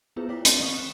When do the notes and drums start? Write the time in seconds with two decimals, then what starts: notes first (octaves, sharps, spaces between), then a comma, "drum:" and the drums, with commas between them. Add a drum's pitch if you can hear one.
0.16 B3 E4 F4 G#4 B4 C5
0.29 A3 F4 C#5 G5 D6 B6
0.45 C4 B6, drum: hi-hat
0.60 D#3 A#3 C4 D#5 C#6 D#6
0.76 D#3 F#6 E7